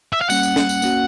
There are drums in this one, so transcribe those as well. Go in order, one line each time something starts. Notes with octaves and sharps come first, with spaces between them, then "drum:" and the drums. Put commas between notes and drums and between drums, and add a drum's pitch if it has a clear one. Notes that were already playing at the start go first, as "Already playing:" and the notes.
E5
F5
G3 A#3 C#4 F#5, drum: tambourine
drum: tambourine
drum: snare
drum: tambourine
A#3 C#4 F#4, drum: tambourine